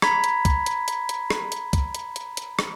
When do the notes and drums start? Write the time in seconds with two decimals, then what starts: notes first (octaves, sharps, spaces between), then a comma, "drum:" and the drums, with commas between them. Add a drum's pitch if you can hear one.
0.02 A#5 B5 G#6 B6, drum: rim click
0.24 drum: hi-hat
0.45 drum: kick, hi-hat
0.66 drum: hi-hat
0.88 drum: hi-hat
1.09 drum: hi-hat
1.30 drum: rim click
1.52 drum: hi-hat
1.73 drum: kick, hi-hat
1.95 drum: hi-hat
2.16 drum: hi-hat
2.37 drum: hi-hat
2.59 drum: rim click